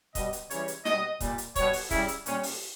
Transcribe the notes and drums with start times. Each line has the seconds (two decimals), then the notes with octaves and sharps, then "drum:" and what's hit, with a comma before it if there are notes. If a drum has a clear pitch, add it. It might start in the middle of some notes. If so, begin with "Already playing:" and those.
0.15 B2 G3 D#5, drum: kick, hi-hat
0.33 drum: hi-hat
0.50 C#3 E3 G3 C#5, drum: hi-hat
0.68 drum: hi-hat
0.85 B2 G3 D#5, drum: snare
1.20 A#2 G3, drum: kick, hi-hat
1.38 drum: hi-hat
1.56 B2 G3 C#5, drum: kick, hi-hat
1.73 drum: open hi-hat
1.91 C#3 G3 E4, drum: kick, hi-hat
2.08 drum: hi-hat
2.26 A#2 G3 C#4, drum: hi-hat
2.43 drum: open hi-hat